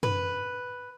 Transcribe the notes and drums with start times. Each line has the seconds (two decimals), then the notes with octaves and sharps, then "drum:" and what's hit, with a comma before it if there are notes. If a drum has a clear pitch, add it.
0.03 B4, drum: tom F#2